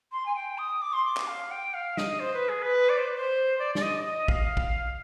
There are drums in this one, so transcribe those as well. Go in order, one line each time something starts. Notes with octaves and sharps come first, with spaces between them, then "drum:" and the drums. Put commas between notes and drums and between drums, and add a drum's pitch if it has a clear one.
C6
G#5
G5
D#6
D6
C6
D6
drum: clap
F5
G5
F5
D#5, drum: snare
C5
B4
G#4
B4
D5
C5
B4
C5
D5
D5, drum: snare
D#5
D#5
F5, drum: kick
drum: kick